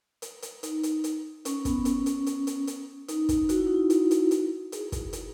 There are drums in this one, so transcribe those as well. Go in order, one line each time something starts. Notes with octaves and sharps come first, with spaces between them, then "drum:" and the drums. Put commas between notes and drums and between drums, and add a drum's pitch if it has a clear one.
drum: hi-hat
drum: hi-hat
D#4, drum: hi-hat
drum: hi-hat
drum: hi-hat
C#4, drum: hi-hat
B3, drum: kick, hi-hat
C#4, drum: hi-hat
drum: hi-hat
drum: hi-hat
drum: hi-hat
drum: hi-hat
D#4, drum: hi-hat
drum: kick, hi-hat
F#4, drum: hi-hat
E4
D#4
E4
E4, drum: hi-hat
F#4, drum: hi-hat
drum: hi-hat
G#4, drum: hi-hat
drum: kick, hi-hat
drum: hi-hat